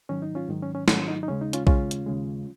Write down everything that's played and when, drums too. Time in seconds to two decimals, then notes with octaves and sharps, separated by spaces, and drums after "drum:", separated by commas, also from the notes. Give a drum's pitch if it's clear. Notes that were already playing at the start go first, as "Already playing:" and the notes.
0.09 G#2 D#3 F#3 C#4
0.22 D#4
0.35 C#4 F4
0.48 G#2 D#3 F#3
0.62 C#4
0.75 C#4
0.88 G#2 D#3 F#3 C#4, drum: snare
1.08 D#4
1.23 D#4
1.28 D#2 C#3 G#3 C#4
1.41 D#4
1.53 C#4 F4, drum: hi-hat
1.67 D#2 C#3 G#3 C#4 F4, drum: kick A#1
1.91 drum: hi-hat
2.06 D#2 C#3 G#3